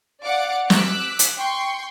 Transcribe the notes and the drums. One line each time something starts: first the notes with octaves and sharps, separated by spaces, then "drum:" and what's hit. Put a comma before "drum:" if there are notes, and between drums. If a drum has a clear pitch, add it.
D5 F5 F#5 D6
D6 E6 F#6 B6, drum: snare
drum: hi-hat
G5 C6 C#6